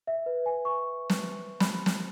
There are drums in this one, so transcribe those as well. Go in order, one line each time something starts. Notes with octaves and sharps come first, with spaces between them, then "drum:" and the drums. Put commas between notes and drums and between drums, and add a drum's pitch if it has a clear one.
E5
B4
G#5
C#6
drum: snare
B5, drum: snare
drum: snare